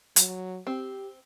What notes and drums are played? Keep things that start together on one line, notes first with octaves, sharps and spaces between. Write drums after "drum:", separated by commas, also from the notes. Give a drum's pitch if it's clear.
F#3, drum: hi-hat
C4 G4